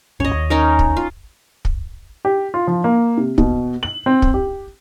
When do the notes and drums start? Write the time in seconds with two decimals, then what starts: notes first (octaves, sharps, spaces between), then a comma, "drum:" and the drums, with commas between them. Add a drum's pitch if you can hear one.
0.20 D1 G#1 C#4 C#5 D#5
0.33 D#2
0.50 C#4 D#4 A#4
0.79 drum: kick
0.97 F4
1.65 drum: kick
2.25 G4
2.54 F4
2.67 F3
2.84 A#3
3.17 C3
3.38 B2, drum: kick
3.83 F#7
4.06 C4
4.22 drum: kick
4.34 G4